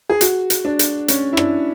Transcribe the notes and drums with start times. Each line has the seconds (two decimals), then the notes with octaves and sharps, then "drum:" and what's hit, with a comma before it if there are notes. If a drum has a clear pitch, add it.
0.10 G#4
0.21 F#4, drum: hi-hat
0.50 drum: hi-hat
0.65 D4
0.79 drum: hi-hat
1.08 C#4, drum: hi-hat
1.33 E4
1.37 D4, drum: rim click